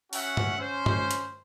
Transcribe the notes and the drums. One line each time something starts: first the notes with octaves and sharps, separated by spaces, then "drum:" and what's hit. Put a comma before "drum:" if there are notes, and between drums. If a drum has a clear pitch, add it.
C#4 F#4 E5 F#5, drum: open hi-hat
drum: tom G2
C#4 C5
drum: tom G2
drum: hi-hat